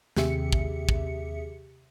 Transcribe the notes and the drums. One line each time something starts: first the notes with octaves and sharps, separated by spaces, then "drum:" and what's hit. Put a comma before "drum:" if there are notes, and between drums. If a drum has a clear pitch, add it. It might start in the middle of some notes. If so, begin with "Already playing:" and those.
D#2 C3 G4 G#4 E5 C#7, drum: snare
drum: kick
drum: kick